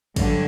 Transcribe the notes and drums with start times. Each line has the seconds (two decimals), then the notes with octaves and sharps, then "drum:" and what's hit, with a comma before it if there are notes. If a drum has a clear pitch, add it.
0.16 G2 D3 F#3, drum: kick, cymbal